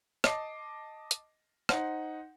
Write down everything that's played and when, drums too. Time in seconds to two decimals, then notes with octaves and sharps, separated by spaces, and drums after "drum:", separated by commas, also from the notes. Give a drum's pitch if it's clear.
0.24 D#5 A5 D6 C7, drum: rim click
1.11 drum: hi-hat
1.69 D#4 C5 F#5, drum: rim click